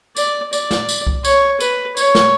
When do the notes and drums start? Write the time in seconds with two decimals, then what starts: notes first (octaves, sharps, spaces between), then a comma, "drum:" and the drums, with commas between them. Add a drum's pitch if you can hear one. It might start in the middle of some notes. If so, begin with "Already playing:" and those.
0.16 D5, drum: tambourine
0.53 D5, drum: tambourine
0.71 drum: snare
0.89 drum: tambourine
1.07 drum: kick C2
1.25 C#5, drum: tambourine
1.60 B4, drum: tambourine
1.97 C#5, drum: tambourine
2.15 drum: snare